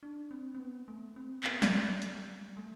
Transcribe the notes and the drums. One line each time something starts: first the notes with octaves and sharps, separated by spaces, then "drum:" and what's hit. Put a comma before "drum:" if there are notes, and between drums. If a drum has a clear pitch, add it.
D4
C4
C4
B3
A3
C4
B3, drum: clap
drum: snare
A3
drum: hi-hat
G3
A3